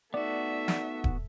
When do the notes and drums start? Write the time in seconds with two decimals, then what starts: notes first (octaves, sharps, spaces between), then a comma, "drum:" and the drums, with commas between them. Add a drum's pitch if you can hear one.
0.14 A3 B3 D#4 F#4 D5 E5
0.68 drum: snare
1.04 drum: kick D#1